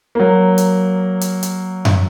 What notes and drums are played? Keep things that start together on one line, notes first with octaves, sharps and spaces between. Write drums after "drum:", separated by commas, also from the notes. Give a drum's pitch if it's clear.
F#3 A#3
drum: hi-hat
drum: hi-hat
drum: hi-hat
drum: tom F#2